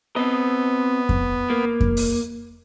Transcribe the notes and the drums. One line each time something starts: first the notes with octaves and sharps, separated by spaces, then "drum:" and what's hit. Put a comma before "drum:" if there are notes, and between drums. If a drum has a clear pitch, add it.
B3 C4 D#5
drum: kick F2
A#3
drum: kick F2
drum: open hi-hat